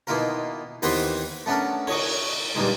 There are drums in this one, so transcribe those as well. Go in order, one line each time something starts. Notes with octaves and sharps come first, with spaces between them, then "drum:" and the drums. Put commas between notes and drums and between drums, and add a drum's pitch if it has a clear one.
B2 D#3 A#3 E4 F4 A#4
D#2 E3 B3 C4 B4 C6, drum: open hi-hat
A3 B3 C#4 D4 A4 A#4
C#5 D#5 C#6, drum: cymbal
G2 A#2 D#3 G#3